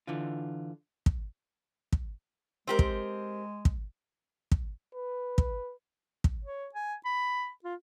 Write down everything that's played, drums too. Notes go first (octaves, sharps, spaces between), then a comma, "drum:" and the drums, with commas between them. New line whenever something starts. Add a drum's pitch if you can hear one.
D3 E3 F4
drum: kick
drum: kick
G#3 C4 G4 A#4
drum: kick
drum: kick
drum: kick
B4
drum: kick
drum: kick
C#5
G#5
B5
F4